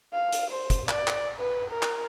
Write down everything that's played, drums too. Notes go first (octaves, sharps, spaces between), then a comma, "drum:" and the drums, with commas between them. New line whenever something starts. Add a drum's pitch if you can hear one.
F5
drum: hi-hat
C5
drum: kick, hi-hat
D5, drum: clap
drum: clap
B4
A#4
drum: clap